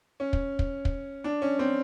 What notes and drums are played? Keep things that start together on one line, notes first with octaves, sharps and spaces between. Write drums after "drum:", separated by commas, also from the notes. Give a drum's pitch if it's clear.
C#4
drum: kick
drum: kick
drum: kick
D4
C#4
C4